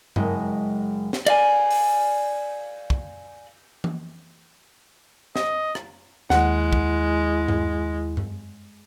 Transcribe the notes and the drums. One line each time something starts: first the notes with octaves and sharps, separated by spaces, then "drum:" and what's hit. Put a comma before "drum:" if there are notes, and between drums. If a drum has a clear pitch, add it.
F#1 G#3, drum: tom G2
drum: snare
D5 F5 G#5, drum: cymbal
drum: open hi-hat
drum: kick
drum: tom E3
D#5, drum: snare
drum: rim click
D#2 G#3 E4 F#5, drum: snare
drum: kick
drum: tom G2
drum: tom G2